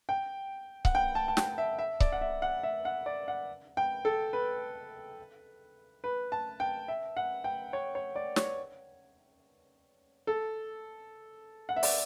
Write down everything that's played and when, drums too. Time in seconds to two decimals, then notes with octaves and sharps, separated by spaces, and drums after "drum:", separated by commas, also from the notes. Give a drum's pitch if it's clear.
0.09 G5
0.85 F#5, drum: kick C#1
0.95 G5
1.15 A5
1.28 A5
1.37 G5, drum: snare
1.58 E5
1.79 E5
2.00 D5, drum: kick C#1
2.12 F#5
2.21 E5
2.42 F#5
2.63 E5
2.85 F#5
3.06 D5
3.28 F#5
3.77 G5
4.05 A4
4.33 B4
6.04 B4
6.32 A5
6.60 G5
6.88 E5
7.17 F#5
7.44 G5
7.73 C#5
7.95 C#5
8.16 D5
8.36 C#5, drum: snare
10.27 A4
11.69 F#5
11.76 E5
11.83 D5, drum: open hi-hat